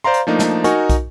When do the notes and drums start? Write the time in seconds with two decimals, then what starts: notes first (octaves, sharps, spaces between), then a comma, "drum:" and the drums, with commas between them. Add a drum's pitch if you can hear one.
0.04 C5 D5 F5 A#5 C6
0.14 drum: hi-hat
0.27 F3 A3 A#3 D4 D#4
0.39 drum: snare
0.64 D#4 F#4 A#4 G#5 C#6, drum: hi-hat
0.90 drum: kick, hi-hat